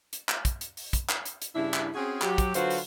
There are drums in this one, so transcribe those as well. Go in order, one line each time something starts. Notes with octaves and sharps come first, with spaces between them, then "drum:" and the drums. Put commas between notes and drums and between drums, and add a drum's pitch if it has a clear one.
drum: hi-hat
drum: clap
drum: kick, hi-hat
drum: hi-hat
drum: open hi-hat
drum: kick, hi-hat
drum: clap
drum: hi-hat
drum: hi-hat
G2 C#3 D4 E4
drum: clap
C4 C#4 F#4 G#4
F#3 G4, drum: clap
drum: kick, hi-hat
D3 F#3 F4 F#4 B4 C5, drum: hi-hat
drum: open hi-hat